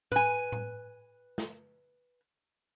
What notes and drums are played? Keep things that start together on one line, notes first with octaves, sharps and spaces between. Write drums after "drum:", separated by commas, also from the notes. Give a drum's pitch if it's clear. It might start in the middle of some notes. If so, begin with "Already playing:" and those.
B4 G#5, drum: tom A2
drum: tom A2
drum: snare